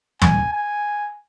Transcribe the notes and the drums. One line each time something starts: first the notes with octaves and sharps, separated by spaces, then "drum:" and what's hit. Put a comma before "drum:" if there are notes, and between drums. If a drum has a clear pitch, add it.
G#5, drum: tom
G#5